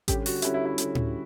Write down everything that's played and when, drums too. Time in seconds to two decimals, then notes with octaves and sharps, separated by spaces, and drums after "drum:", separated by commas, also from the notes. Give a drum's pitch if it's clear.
0.08 D3 G3 C#4 G4, drum: kick A1, hi-hat
0.26 F#4, drum: open hi-hat
0.42 D3 G3 C#4 E4, drum: hi-hat
0.54 E4
0.65 E4
0.78 D3 G3 C#4, drum: hi-hat
0.95 drum: tom A2